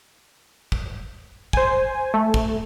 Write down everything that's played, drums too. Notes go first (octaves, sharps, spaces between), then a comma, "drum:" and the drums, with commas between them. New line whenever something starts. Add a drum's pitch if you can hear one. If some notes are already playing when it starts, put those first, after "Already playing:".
drum: kick
C5 G#5, drum: kick
A3
drum: kick